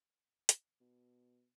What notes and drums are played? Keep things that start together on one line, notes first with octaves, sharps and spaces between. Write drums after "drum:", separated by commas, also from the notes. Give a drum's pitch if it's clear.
drum: hi-hat
B2